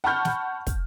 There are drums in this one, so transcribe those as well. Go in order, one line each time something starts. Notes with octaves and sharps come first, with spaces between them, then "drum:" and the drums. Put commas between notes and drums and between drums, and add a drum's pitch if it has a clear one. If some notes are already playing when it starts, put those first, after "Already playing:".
F#5 A5 B5 C#6 F6 G6
drum: snare
drum: kick, hi-hat